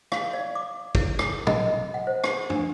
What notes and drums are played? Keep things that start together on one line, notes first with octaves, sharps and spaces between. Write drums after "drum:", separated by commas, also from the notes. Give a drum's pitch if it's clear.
F5, drum: rim click
D5
D6
E4, drum: kick
drum: rim click
D#5, drum: tom
F#5
C5
drum: rim click
D4, drum: tom